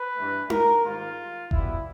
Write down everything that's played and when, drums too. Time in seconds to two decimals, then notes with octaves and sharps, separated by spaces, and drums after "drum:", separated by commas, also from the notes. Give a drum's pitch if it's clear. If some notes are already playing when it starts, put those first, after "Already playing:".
Already playing: B4
0.16 G2 E3 A3
0.50 A#4, drum: tom D#4
0.83 G#2 D#3 G3 A#3 F4
1.51 B2 G3 B3 E4, drum: kick F1